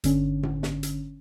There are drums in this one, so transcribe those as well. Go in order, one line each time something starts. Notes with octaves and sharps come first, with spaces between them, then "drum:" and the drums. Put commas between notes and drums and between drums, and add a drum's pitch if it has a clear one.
G1 D3 C#4, drum: hi-hat
drum: tom A2
drum: snare
drum: hi-hat